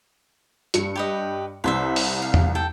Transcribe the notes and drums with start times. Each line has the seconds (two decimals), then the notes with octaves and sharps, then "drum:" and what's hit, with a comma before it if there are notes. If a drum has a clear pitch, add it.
0.74 G2 C#7, drum: hi-hat
0.96 G4 B4 D#5
1.64 C2 B4 C5 E5
1.96 drum: open hi-hat
2.22 F5
2.34 drum: tom E2
2.55 A4 G5